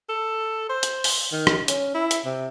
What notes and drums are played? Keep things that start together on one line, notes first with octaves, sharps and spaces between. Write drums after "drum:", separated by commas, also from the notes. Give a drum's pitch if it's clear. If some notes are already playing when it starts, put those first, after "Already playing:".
A4
C5
drum: hi-hat
drum: open hi-hat
D#3
drum: rim click
C#4, drum: hi-hat
E4
drum: hi-hat
C3